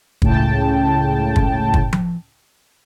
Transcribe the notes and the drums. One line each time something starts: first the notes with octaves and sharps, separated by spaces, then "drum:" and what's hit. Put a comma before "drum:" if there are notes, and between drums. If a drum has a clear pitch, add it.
C#2 A2 C#3 G5 A5, drum: kick
drum: kick
drum: kick
drum: tom F3